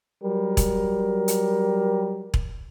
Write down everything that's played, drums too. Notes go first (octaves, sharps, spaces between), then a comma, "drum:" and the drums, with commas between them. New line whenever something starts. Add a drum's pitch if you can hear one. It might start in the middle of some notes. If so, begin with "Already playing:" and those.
F#3 G3 A#4
drum: kick E1, hi-hat
drum: hi-hat
drum: kick E1